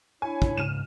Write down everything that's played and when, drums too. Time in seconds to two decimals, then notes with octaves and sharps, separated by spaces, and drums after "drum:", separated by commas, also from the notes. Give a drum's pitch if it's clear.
0.22 D4 E4 C#5 G#5
0.42 drum: kick
0.57 C#2 G#2 F6 D#7 E7